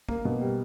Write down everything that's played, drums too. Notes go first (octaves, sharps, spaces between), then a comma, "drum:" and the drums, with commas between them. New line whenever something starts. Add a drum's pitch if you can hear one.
A#3, drum: kick
B2
G3